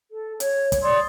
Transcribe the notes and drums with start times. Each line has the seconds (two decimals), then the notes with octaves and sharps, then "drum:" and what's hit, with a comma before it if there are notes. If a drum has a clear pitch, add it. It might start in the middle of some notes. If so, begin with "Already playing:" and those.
0.10 A4
0.40 C#5, drum: hi-hat
0.72 drum: kick, hi-hat
0.83 D5 C6 D#6 E6